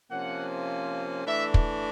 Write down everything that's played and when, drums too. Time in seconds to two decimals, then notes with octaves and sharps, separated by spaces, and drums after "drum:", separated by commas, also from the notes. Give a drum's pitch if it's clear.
0.11 C3 F3 A#3 C#4 F#5
1.26 E3 A3 D4 E5
1.54 drum: kick